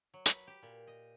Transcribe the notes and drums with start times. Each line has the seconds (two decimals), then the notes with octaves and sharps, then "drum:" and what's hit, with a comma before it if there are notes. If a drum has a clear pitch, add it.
0.14 F#3
0.26 B4, drum: hi-hat
0.47 G4
0.63 A#2
0.87 D#5